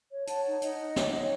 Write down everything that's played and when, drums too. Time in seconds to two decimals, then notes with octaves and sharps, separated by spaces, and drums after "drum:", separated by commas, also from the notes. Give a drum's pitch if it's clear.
0.11 C#5
0.27 C#5 F#5 A5, drum: hi-hat
0.45 D#4
0.62 D#4 D#5 F#5, drum: hi-hat
0.79 D#4
0.96 C#5, drum: snare
1.13 C#5